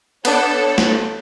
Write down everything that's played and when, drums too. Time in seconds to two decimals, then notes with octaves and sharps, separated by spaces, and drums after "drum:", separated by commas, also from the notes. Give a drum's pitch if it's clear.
0.25 B3 D4 A4 C#5, drum: cymbal
0.78 drum: snare A3